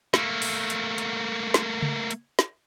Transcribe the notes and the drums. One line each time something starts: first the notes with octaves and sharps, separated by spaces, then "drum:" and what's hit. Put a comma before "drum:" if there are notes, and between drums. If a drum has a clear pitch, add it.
A3 A#3, drum: snare
drum: open hi-hat
drum: hi-hat
drum: hi-hat
drum: snare
drum: tom C#3
drum: hi-hat
drum: snare